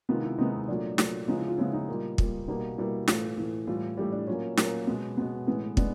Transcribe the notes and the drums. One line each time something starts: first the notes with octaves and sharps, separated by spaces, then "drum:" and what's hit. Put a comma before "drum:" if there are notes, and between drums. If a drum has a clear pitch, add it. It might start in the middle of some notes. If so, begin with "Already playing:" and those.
C3 D#3 G#3 B3 F4
E4
C3 D#3 G#3 B3 D#4
A#2 F#3 A3 D4
A#2 F#3 A3, drum: snare
C#3 F3 G#3 B3 D#4
E4
F4
C#3 F3 G#3 B3 E4
D#4
A#2 G3 A#3
A#2 G3 A#3, drum: kick
B2 G3 A#3 D#4
B2 G3 A#3 E4
A2 E3 A3 F4, drum: snare
A2 E3 A3
A2 E3 G3 F4
A2 E3 G3 G4
D4
A#2 F#3 A#3 C#4
A#2 F#3 A#3 C#4, drum: snare
B2 G#3 B3
B2 G#3 B3
A2 E3 G#3 B3
G#3 B3 D4, drum: kick